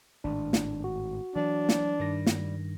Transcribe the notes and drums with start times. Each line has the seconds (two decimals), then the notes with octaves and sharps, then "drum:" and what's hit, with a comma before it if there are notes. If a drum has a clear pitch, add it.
0.24 G#1 A2 D4
0.53 drum: snare
0.84 F#4
1.36 E3 F#3 D4
1.69 drum: snare
2.00 G2 D#3 G3 A#6
2.26 drum: snare